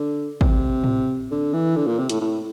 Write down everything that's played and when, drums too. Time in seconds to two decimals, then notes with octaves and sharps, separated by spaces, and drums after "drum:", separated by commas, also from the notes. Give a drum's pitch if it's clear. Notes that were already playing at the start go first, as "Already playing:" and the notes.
Already playing: D3
0.41 C3, drum: kick
0.84 drum: tom A2
1.31 D3
1.53 E3
1.76 D3
1.87 A#2
1.99 C3
2.09 A2, drum: hi-hat
2.21 A2